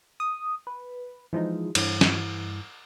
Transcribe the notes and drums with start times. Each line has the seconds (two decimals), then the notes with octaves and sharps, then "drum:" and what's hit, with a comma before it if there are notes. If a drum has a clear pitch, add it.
0.20 D#6
0.67 B4
1.33 E3 F3 G#3 D#4
1.75 G2 E3, drum: cymbal
2.01 drum: snare